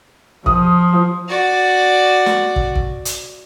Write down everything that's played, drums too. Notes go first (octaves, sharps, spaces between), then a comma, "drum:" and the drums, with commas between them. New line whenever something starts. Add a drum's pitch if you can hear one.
F3 D#6, drum: kick
F#4 D5
drum: snare
drum: kick
drum: kick
drum: hi-hat